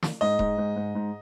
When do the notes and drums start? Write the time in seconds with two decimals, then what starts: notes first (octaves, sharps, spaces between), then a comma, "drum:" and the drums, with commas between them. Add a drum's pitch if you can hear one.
0.03 drum: snare
0.21 G#2 D#5
0.39 G#2, drum: kick D#1
0.58 G#2
0.76 G#2
0.95 G#2